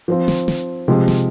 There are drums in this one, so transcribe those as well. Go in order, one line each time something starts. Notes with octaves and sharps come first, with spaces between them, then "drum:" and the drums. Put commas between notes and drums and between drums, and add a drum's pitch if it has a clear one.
F3 C4 F4
drum: snare
drum: snare
C3 F3 G#3
drum: snare